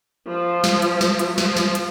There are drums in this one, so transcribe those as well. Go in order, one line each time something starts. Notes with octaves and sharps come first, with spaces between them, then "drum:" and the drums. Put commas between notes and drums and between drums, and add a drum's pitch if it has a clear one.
F3
drum: snare
drum: hi-hat
drum: snare
drum: hi-hat
F3, drum: snare
drum: snare
drum: hi-hat